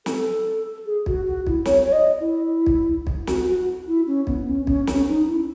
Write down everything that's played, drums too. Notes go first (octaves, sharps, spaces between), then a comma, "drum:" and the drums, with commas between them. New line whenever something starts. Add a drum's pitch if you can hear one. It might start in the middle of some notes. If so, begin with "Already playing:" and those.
A4, drum: snare
G#4
F#4, drum: kick B1
F#4
E4, drum: kick B1
C#5, drum: snare
C#5
D#5
E4
drum: kick B1
drum: kick B1
F#4, drum: snare
F#4
E4
C#4
B3, drum: kick B1
C#4
C#4, drum: kick B1
C#4, drum: snare
D#4
E4